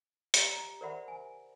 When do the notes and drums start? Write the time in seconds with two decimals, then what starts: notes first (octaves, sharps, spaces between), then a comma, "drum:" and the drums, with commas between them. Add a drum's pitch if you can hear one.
0.34 G4 D5 A#5, drum: hi-hat
0.53 A#5
0.81 A#4 C5 D5 E5 F#5 B5
1.08 G#5